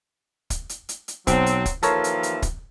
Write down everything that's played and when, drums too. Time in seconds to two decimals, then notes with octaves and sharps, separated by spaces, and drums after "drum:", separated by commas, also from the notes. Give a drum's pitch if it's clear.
0.50 drum: kick, hi-hat
0.69 drum: hi-hat
0.89 drum: hi-hat
1.08 drum: hi-hat
1.27 B1 F#3 C4, drum: kick, hi-hat
1.46 drum: hi-hat
1.66 drum: kick, hi-hat
1.83 D#2 E3 F3 A4 A#4 C#5, drum: hi-hat
2.04 drum: hi-hat
2.23 drum: hi-hat
2.42 drum: kick, hi-hat